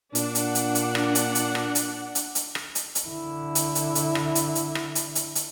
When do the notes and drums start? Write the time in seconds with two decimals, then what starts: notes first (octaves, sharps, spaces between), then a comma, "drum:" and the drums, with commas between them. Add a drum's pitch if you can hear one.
0.15 A#2 D4 F#5, drum: hi-hat
0.35 drum: hi-hat
0.55 drum: hi-hat
0.75 drum: hi-hat
0.95 drum: rim click
1.15 drum: hi-hat
1.35 drum: hi-hat
1.55 drum: rim click
1.75 drum: hi-hat
2.15 drum: hi-hat
2.35 drum: hi-hat
2.55 drum: rim click
2.75 drum: hi-hat
2.95 drum: hi-hat
3.08 D3 E4
3.55 drum: hi-hat
3.75 drum: hi-hat
3.95 drum: hi-hat
4.15 drum: rim click
4.35 drum: hi-hat
4.55 drum: hi-hat
4.75 drum: rim click
4.95 drum: hi-hat
5.15 drum: hi-hat
5.35 drum: hi-hat